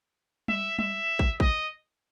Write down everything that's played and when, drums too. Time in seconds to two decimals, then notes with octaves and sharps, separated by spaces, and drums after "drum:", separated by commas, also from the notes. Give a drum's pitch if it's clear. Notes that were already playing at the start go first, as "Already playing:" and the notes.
0.48 E5, drum: tom G3
0.79 E5, drum: tom G3
1.19 drum: kick
1.40 D#5, drum: kick